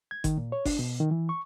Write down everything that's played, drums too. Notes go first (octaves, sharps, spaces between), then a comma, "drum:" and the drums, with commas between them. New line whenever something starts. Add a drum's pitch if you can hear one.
G#6
D#3, drum: kick G1, hi-hat
A#2
C#5
D4, drum: kick G1, open hi-hat
B2
D#3
E3
C#6